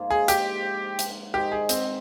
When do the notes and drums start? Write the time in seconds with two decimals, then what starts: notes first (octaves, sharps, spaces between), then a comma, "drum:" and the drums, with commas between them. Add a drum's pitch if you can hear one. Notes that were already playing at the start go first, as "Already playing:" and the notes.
Already playing: G#2 F3 A#3 F4
0.11 G#4
0.28 G4, drum: hi-hat
0.99 drum: hi-hat
1.34 G#2 D#3 G#3 G4
1.52 G#4
1.69 C4, drum: hi-hat